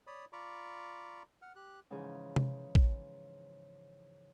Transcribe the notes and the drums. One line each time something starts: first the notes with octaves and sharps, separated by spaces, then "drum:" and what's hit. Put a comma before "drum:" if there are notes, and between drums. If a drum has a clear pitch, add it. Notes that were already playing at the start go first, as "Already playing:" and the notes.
C#5 D5 B5 D#6
F4 D5 A#5 B5 C#6 D6
F#5 F6
G4 F#6
G#2 C#3 E3 F3 G#4
drum: tom C3
drum: kick